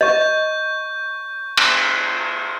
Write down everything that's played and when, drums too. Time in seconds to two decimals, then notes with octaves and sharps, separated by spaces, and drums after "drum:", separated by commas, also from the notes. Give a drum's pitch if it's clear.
0.01 D#5 C#6 G6
1.57 drum: cymbal